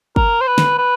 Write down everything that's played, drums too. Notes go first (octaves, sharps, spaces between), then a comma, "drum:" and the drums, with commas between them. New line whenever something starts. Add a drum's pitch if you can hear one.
A#4, drum: kick
C5
B4
drum: snare
B4